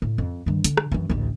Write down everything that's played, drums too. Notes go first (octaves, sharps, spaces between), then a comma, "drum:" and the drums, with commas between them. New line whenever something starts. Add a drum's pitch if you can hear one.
A2
F2
G2 D#3
D3, drum: hi-hat
drum: rim click
F#2 E3
A1 D2